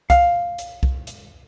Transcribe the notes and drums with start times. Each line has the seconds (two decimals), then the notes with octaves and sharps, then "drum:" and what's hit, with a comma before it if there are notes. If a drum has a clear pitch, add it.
0.10 F5, drum: kick, hi-hat
0.58 drum: hi-hat
0.83 drum: kick
1.07 drum: hi-hat